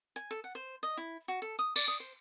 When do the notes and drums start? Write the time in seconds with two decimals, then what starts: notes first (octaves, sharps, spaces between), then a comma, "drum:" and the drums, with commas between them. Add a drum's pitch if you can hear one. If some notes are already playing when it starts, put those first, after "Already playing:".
0.16 G#5
0.31 A4
0.44 F#5
0.55 C5
0.83 D#5
0.97 E4
1.28 F#4
1.42 A4
1.59 D#6
1.76 D5, drum: tambourine
1.88 D#6
2.00 C5